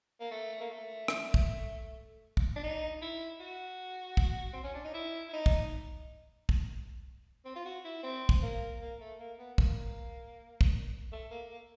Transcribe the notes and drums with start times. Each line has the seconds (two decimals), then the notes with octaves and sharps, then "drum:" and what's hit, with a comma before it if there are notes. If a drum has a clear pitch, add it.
0.20 A#3
0.31 A3
0.60 A#3
0.70 A3
1.08 drum: rim click
1.34 drum: kick
2.37 drum: kick
2.56 D4
2.63 D#4
3.02 E4
3.40 F#4
4.17 drum: kick
4.53 C4
4.64 C#4
4.74 D4
4.84 D#4
4.94 E4
5.29 E4
5.33 D#4
5.46 drum: kick
6.49 drum: kick
7.45 C4
7.56 F4
7.65 F#4
7.85 E4
8.03 C4
8.29 drum: kick
8.42 A#3
8.81 A#3
9.00 A3
9.19 A#3
9.39 B3
9.58 A#3, drum: kick
10.61 drum: kick
11.12 A3
11.31 A#3
11.51 A#3